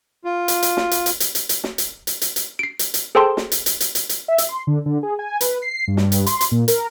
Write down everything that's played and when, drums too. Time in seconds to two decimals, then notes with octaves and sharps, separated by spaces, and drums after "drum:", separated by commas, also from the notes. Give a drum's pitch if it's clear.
0.25 F4
0.48 drum: hi-hat
0.63 drum: hi-hat
0.77 drum: snare
0.91 drum: hi-hat
1.06 drum: hi-hat
1.20 drum: hi-hat
1.35 drum: hi-hat
1.49 drum: hi-hat
1.64 drum: snare
1.78 drum: hi-hat
2.07 drum: hi-hat
2.21 drum: hi-hat
2.36 drum: hi-hat
2.59 C7 D7
2.79 drum: hi-hat
2.94 drum: hi-hat
3.15 G#4 A4 C5 G5 A5 C6
3.37 drum: snare
3.52 drum: hi-hat
3.66 drum: hi-hat
3.80 drum: hi-hat
3.95 drum: hi-hat
4.09 drum: hi-hat
4.28 E5
4.38 drum: hi-hat
4.49 C6
4.67 D3
4.86 D3
5.03 G#4
5.19 G#5
5.41 B4, drum: hi-hat
5.62 C7
5.88 G2
5.97 drum: snare
6.12 drum: hi-hat
6.26 C6, drum: hi-hat
6.41 drum: hi-hat
6.52 A#2
6.68 A#4, drum: hi-hat